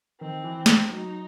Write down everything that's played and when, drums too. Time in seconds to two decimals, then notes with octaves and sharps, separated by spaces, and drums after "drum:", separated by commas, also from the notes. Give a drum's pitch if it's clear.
0.21 D#3 C4
0.44 E3
0.66 drum: snare
0.89 F#3 D#4